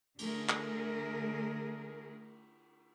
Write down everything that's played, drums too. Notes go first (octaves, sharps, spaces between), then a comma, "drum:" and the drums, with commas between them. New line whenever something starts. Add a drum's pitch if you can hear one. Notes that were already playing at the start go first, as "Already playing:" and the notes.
D3 A3 G#4 A#4, drum: cymbal
drum: clap